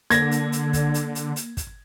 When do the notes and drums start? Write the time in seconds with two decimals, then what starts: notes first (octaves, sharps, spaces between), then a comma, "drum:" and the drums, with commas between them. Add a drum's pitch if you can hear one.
0.10 D3 A#3 G#6 A#6, drum: hi-hat
0.31 drum: hi-hat
0.52 drum: hi-hat
0.73 drum: kick, hi-hat
0.94 drum: hi-hat
1.15 drum: hi-hat
1.36 drum: hi-hat
1.57 drum: kick, hi-hat